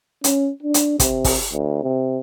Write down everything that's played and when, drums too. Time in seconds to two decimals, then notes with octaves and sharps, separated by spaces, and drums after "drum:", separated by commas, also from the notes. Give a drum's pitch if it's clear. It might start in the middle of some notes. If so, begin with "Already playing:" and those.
0.24 C#4, drum: hi-hat
0.63 D4
0.74 drum: hi-hat
1.00 C3, drum: kick, hi-hat
1.24 drum: kick, open hi-hat
1.53 D2
1.83 C3